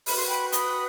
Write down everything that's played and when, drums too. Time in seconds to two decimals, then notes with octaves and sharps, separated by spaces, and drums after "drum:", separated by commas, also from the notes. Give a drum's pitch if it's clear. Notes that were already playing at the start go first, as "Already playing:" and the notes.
0.06 F#4 B4 B5, drum: open hi-hat
0.17 C6
0.26 G5 B5
0.52 B5 D#6, drum: hi-hat